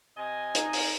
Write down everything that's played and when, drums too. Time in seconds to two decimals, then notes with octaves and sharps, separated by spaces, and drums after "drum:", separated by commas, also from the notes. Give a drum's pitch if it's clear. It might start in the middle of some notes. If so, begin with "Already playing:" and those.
0.17 C3 D#5 G#5
0.55 D#4, drum: hi-hat
0.73 drum: open hi-hat